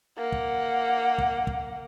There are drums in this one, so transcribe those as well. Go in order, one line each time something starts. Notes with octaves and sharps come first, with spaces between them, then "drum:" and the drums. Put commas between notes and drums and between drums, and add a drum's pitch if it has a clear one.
A#3 F#5
drum: kick
drum: kick
drum: kick